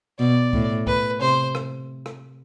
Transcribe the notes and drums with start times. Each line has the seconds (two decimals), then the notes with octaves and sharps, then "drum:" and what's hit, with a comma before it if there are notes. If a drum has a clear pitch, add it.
0.19 B2 D5
0.53 A2, drum: kick C2
0.87 B4, drum: kick C2
1.21 C3 C5
1.55 drum: rim click
2.06 drum: rim click